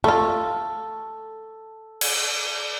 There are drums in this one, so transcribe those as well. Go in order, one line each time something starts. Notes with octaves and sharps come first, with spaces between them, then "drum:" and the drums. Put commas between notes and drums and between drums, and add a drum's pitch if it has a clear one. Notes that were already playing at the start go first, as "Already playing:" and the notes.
A3 F4 A4
drum: cymbal